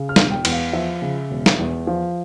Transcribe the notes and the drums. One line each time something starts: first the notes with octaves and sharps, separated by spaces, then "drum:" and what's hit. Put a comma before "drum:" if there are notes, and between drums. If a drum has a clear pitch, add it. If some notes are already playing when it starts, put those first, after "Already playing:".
Already playing: C#3
F6
E1, drum: snare
G5
E2, drum: cymbal
F5
F3 E5
C#3
E1
drum: snare
E2
F3